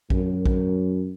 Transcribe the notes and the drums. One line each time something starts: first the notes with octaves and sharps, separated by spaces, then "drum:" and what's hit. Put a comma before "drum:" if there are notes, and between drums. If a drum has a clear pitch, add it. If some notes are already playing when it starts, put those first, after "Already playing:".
F#2, drum: kick A#1
drum: kick A#1